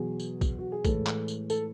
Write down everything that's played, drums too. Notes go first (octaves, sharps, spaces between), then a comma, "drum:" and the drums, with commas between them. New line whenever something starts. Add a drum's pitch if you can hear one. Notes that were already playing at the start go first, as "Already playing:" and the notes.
Already playing: E2 B2 F#3 G#4
drum: tambourine
drum: kick, tambourine
F#4
G#4
A2 E3 G#3 A4, drum: kick, tambourine
drum: clap
drum: tambourine
A4, drum: tambourine